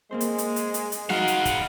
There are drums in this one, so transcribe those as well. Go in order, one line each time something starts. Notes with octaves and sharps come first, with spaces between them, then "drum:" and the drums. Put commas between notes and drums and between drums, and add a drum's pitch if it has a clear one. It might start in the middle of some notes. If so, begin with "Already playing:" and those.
G#3 A#3 C4 C5
drum: hi-hat
drum: hi-hat
drum: hi-hat
drum: hi-hat
drum: hi-hat
G#3 D#4 F#4 F5 F#5, drum: snare
drum: hi-hat
drum: kick, hi-hat